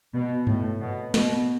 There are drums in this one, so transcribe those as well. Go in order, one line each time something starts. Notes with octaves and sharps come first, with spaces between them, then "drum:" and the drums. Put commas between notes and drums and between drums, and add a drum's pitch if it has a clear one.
B2
A2, drum: tom G2
B2
B2, drum: snare